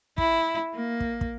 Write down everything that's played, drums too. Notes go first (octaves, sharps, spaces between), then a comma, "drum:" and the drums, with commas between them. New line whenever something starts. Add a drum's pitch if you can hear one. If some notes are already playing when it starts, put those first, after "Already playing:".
E4, drum: kick
A#3
drum: kick
drum: kick